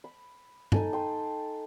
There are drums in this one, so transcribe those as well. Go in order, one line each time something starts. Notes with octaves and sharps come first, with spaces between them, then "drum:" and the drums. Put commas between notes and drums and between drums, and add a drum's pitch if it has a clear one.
B5
D#4 A4 G#5, drum: tom G2
G5 C6